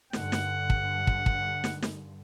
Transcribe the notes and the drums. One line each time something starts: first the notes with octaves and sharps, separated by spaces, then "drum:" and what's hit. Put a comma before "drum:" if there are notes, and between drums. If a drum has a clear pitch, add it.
G2 D3 F#5, drum: snare
drum: snare
drum: kick
drum: kick
drum: kick
drum: snare
drum: snare